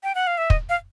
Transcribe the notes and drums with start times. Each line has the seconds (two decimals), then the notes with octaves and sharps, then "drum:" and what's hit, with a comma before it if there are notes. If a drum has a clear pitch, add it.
0.03 G5
0.15 F#5
0.27 F5
0.38 E5
0.50 D#5, drum: kick
0.69 F5